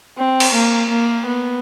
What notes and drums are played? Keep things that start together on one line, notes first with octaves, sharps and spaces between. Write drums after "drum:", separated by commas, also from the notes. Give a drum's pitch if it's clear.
C4
drum: cymbal
A#3
A#3
B3